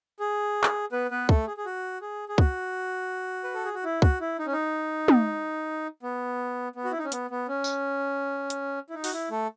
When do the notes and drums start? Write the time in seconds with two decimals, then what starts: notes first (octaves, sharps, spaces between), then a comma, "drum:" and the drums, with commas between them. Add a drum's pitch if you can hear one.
0.20 G#4
0.63 drum: clap
0.92 B3 B4
1.11 B3 B4
1.29 A3 A4, drum: kick
1.47 G#4
1.57 G#4
1.66 F#4
2.02 G#4
2.29 G#4
2.38 F#4, drum: kick
3.44 B4
3.54 A4
3.65 G#4
3.74 F#4
3.84 E4
4.02 F#4, drum: kick
4.21 E4
4.39 D#4
4.46 C#4
4.53 D#4
5.08 drum: tom
6.03 B3
6.76 B3
6.85 F#4
6.91 E4
6.98 D#4
7.05 C#4
7.12 B3, drum: hi-hat
7.30 B3
7.48 C#4
7.64 drum: tambourine
8.50 drum: hi-hat
8.90 E4
8.94 D#4
9.04 F#4, drum: open hi-hat
9.13 E4
9.30 A3 A4